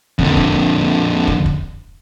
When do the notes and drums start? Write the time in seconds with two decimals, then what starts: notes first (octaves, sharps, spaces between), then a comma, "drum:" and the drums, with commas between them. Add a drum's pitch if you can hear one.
0.19 F2 D3, drum: kick
0.37 drum: kick
1.28 drum: kick
1.46 drum: kick